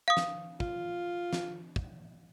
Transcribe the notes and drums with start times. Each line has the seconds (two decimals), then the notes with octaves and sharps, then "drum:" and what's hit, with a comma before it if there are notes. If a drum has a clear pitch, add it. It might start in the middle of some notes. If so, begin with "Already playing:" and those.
0.08 F5 D#6
0.17 drum: snare
0.60 F4, drum: kick
1.33 drum: snare
1.76 drum: kick